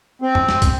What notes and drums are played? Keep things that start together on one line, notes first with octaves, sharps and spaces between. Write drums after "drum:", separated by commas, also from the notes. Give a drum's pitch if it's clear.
C4
drum: tom E2
drum: snare
drum: kick, hi-hat